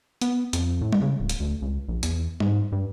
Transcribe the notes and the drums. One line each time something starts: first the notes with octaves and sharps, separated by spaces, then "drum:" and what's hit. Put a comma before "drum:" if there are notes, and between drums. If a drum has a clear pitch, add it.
B3, drum: hi-hat
F2, drum: hi-hat
A2
drum: tom G3
C#3
D1
drum: hi-hat
D2
C#2
A#1
E2, drum: hi-hat
G#2, drum: tom G3
G2